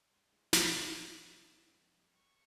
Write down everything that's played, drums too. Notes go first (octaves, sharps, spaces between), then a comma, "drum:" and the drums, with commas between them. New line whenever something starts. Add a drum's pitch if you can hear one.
G2 C6
E3 G#3 E4
G#2, drum: snare
E3 G3 C4 E4
C3 E6
F3 A#3
E2 E6
E3 G#3 C4 E4
F2
C#3 G3
C#2 C#6